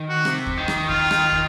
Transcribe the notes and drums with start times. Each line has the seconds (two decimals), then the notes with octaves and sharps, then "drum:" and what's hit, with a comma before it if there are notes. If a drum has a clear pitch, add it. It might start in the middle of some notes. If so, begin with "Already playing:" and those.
Already playing: D#3
0.09 F#4
0.25 C3, drum: rim click
0.46 drum: kick
0.57 D#3
0.68 drum: rim click
0.89 F4, drum: kick
1.11 drum: rim click
1.32 drum: kick